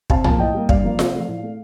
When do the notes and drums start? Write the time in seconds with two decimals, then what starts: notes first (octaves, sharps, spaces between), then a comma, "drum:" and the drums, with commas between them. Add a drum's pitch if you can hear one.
0.10 C3 F5 A5, drum: kick
0.24 F3 A#3 F5 A5, drum: tom
0.39 A2 D#5 G5
0.54 G3 A#3
0.69 G2 D5 F5, drum: kick
0.84 F3 A#3
0.99 C3, drum: snare F4
1.14 F3 A3
1.28 A2
1.43 A3